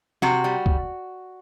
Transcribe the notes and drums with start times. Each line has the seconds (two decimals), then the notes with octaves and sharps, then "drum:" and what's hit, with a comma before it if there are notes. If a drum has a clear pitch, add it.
0.22 C3 F#4, drum: snare
0.44 G3
0.66 drum: kick